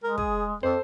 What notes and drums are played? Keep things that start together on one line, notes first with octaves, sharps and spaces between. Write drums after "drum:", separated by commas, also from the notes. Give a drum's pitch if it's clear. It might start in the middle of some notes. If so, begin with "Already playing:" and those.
G#3 A#4
G#4, drum: kick
F2 A4 C5